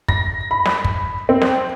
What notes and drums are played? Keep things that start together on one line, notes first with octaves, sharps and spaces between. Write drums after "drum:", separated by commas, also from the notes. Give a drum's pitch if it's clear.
A#6, drum: kick
B5
drum: snare
drum: kick
C4
drum: snare